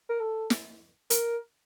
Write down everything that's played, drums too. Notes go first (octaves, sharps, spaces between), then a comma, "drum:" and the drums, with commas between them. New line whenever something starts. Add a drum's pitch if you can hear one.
A#4
A4
drum: snare
A#4, drum: hi-hat